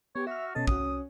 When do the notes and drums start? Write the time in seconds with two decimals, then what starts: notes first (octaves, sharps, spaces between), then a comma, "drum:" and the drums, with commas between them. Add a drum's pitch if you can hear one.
0.16 B3 G4 C#5
0.27 F#4 E5 E6 F6
0.55 B2 C#4 A4 D#5 A5
0.67 C2 F#4 D#6, drum: kick